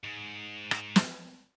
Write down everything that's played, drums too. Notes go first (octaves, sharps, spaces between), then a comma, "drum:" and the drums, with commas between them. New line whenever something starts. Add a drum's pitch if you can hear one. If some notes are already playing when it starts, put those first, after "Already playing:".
G#2
drum: rim click
drum: snare